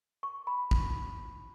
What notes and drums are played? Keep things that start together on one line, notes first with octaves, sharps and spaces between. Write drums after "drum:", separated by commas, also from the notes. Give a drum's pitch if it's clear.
C#6
B5
drum: kick